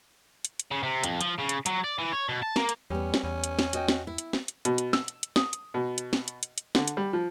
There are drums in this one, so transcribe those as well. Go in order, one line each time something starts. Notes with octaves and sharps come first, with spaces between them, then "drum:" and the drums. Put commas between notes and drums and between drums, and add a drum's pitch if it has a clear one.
drum: hi-hat
drum: hi-hat
C#3
C3
F2, drum: hi-hat
F3, drum: hi-hat
C#3
drum: hi-hat
F#3, drum: hi-hat
D5
E3
C#5
B2
A5
A#3, drum: snare
drum: hi-hat
E2 G3 B3 C#4
drum: snare
E2 C#4
drum: hi-hat
drum: snare
F#4 D#5 G5, drum: hi-hat
drum: snare
E4
drum: hi-hat
drum: snare
drum: hi-hat
B2, drum: hi-hat
drum: hi-hat
E6, drum: snare
drum: hi-hat
drum: hi-hat
D#6, drum: snare
drum: hi-hat
B2
drum: hi-hat
drum: snare
drum: hi-hat
drum: hi-hat
drum: hi-hat
D3, drum: snare
drum: hi-hat
G3
F3